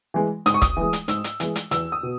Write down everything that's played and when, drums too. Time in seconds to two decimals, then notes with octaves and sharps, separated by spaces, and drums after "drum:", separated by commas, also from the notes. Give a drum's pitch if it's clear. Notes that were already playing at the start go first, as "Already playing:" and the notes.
0.14 E3 G#3
0.46 G#2 D#6, drum: hi-hat
0.54 C#6
0.62 D#6, drum: kick, hi-hat
0.77 E3 G#3
0.93 drum: hi-hat
1.08 G#2 E6, drum: hi-hat
1.24 drum: hi-hat
1.40 E3 G#3, drum: hi-hat
1.56 drum: hi-hat
1.71 E2 E6, drum: hi-hat
1.92 D#6
2.03 B2